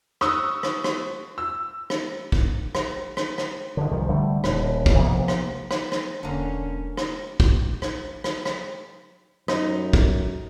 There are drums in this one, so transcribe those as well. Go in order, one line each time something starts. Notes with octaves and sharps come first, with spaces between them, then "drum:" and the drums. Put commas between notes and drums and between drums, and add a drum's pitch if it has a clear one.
C#6 D#6 E6 F#6, drum: rim click
drum: rim click
drum: rim click
E6
drum: rim click
drum: kick
drum: rim click
drum: rim click
drum: rim click
D3 D#3
C2 D#3 F3
D3 G3 A3
D#1, drum: rim click
drum: kick
C3 F3 A#3 B3
drum: rim click
drum: rim click
drum: rim click
E1 D3 A#3 C#4
drum: rim click
drum: kick
drum: rim click
drum: rim click
drum: rim click
F#2 D#4, drum: rim click
drum: kick